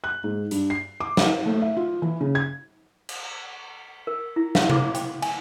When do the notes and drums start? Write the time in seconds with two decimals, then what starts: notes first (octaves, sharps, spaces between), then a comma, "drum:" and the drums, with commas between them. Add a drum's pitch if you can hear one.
0.04 F#6
0.24 G#2
0.51 G2, drum: hi-hat
0.70 C7
1.00 D6
1.17 F5, drum: snare
1.46 A3
1.62 E5
1.77 F4
2.02 E3
2.21 C#3
2.35 G#6
3.09 drum: cymbal
4.07 A#4
4.36 E4
4.55 F5, drum: snare
4.70 E4, drum: tom C3
4.95 G5, drum: hi-hat
5.22 G#5, drum: cymbal